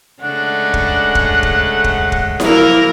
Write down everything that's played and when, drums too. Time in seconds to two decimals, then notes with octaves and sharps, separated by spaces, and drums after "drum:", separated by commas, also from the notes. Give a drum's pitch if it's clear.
0.22 C#3 G#3 A3 D4 F#5
0.74 drum: kick
1.15 drum: kick
1.43 drum: kick
1.84 drum: kick
2.12 drum: kick
2.40 F3 F#3 A#3 E4 A#4, drum: snare E4